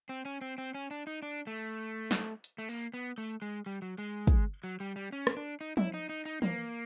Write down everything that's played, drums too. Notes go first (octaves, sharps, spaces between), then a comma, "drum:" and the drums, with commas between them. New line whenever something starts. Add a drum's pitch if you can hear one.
C4
C#4
C4
C4
C#4
D4
D#4
D4
A3
drum: snare
drum: hi-hat
A3
A#3
B3
A3
G#3
G3
F#3
G#3
drum: kick
F#3
G3
G3
C#4
drum: rim click
D4
D#4
E4, drum: tom F3
D#4
D#4
D#4
A#3, drum: tom E3